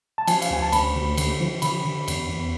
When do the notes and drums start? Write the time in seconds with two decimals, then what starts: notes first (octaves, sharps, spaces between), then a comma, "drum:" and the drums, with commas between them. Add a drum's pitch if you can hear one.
0.18 A5
0.27 F3 G#5, drum: cymbal
0.42 F5, drum: cymbal
0.51 D2 G#5
0.62 A5
0.72 D2 B5, drum: cymbal
0.95 D2
1.17 D3, drum: cymbal
1.40 F3
1.62 D3 B5, drum: cymbal
1.85 D3
2.08 E2, drum: cymbal
2.30 E2